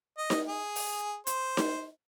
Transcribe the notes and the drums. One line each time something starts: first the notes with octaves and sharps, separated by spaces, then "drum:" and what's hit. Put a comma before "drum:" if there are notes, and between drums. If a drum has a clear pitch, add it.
D#5
drum: snare D#4
G#4
drum: open hi-hat
C5, drum: hi-hat
drum: snare D#4